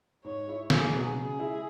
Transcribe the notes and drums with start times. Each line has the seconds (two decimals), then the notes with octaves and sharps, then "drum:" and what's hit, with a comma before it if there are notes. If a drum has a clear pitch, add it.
0.24 G#2 C#5
0.47 G#3 E4
0.70 E2 G#4, drum: snare
0.93 B2 F#3 B3
1.16 C#3 G#4
1.39 G#3 E4